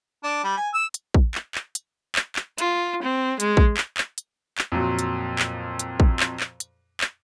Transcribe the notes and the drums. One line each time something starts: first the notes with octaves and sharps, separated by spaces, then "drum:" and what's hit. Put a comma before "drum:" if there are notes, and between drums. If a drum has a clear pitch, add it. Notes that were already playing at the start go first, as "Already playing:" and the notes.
D4
G3
G#5
E6
drum: hi-hat
drum: kick
drum: clap
drum: clap
drum: hi-hat
drum: clap
drum: clap
F4, drum: hi-hat
C4
G#3, drum: hi-hat
drum: kick
drum: clap
drum: clap
drum: hi-hat
drum: clap
F2 A#2 F#3
drum: hi-hat
drum: clap
drum: hi-hat
drum: kick
drum: clap
drum: clap
drum: hi-hat
drum: clap